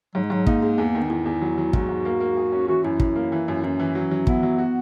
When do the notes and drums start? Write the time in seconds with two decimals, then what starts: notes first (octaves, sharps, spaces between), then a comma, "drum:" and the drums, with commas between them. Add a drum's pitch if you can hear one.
0.15 G#2 F#3
0.24 G#3
0.30 G#2 F#3
0.46 A#3 D#4, drum: kick
0.62 G#3
0.78 E2
0.95 D#3
1.03 D#4
1.09 E2 E4
1.26 E2
1.41 F#3
1.58 F#3
1.73 G#2 F#4, drum: kick
1.89 G#2
2.05 A#3
2.20 A#3
2.37 G#4
2.52 C#4
2.68 E3 F#4
2.84 F#2 E4
3.00 F#2, drum: kick
3.16 A#3
3.32 E3
3.48 F#2
3.64 F#2 C#4
3.79 E3
3.95 F#3
4.11 F#3
4.27 B3 E4, drum: kick
4.43 F#3
4.58 F#4